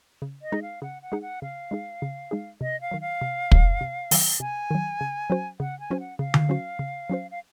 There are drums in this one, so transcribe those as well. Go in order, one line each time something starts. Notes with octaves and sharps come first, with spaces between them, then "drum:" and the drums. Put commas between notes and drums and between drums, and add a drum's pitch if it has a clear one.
C#3
D#5
G#3 D#4 G#4
F5
C#3 F#5
F#5
G#3 D#4 G#4
F#5
C#3 F5
G#3 D#4 G#4
C#3
G#3 D#4 G#4
C3 D#5
F5
D#3 F#3
F5
C3
D#3 F#3, drum: kick
C3
D#3 F#3, drum: open hi-hat
C3 G#5
D#3 F#3
C#3
F#3 C#4 F#4 C5
C#3 F#5
G#5
F#3 C#4 F#4 C5
F#5
C#3 F5
drum: tom D3
F#3 C#4 F#4 C5
C#3
F#3 C#4 F#4 C5
F5